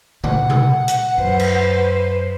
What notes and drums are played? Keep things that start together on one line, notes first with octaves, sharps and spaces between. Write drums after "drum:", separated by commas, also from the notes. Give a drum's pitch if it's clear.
A#2 F#5, drum: tom C#3
drum: tom B2
drum: hi-hat
F#2 B4 C5
drum: cymbal